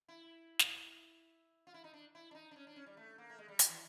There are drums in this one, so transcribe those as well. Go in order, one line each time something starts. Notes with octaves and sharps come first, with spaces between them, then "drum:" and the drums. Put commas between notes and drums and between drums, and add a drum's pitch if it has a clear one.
E4
drum: snare
F4
E4
D#4
D4
E4
D4
D#4
D4
C#4
D4
C#4
G3
A3
A#3
A3
G#3
G3
F#3, drum: hi-hat
E3